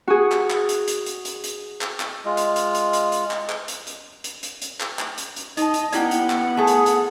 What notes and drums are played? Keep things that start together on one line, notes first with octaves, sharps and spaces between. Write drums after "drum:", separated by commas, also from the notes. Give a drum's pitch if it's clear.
F#4 G#4
drum: clap
drum: clap
drum: hi-hat
drum: hi-hat
drum: hi-hat
drum: hi-hat
drum: hi-hat
drum: clap
drum: clap
G#3 F4
drum: hi-hat
drum: hi-hat
drum: hi-hat
drum: hi-hat
drum: hi-hat
drum: clap
drum: clap
drum: hi-hat
drum: hi-hat
drum: hi-hat
drum: hi-hat
drum: hi-hat
drum: clap
drum: clap
drum: hi-hat
drum: hi-hat
D#4 D#5 A5, drum: hi-hat
drum: hi-hat
A#3 B3 C#4 E4 G4 D5 F#5 G5, drum: hi-hat
drum: hi-hat
drum: clap
A3 G#4 A4
drum: hi-hat
drum: hi-hat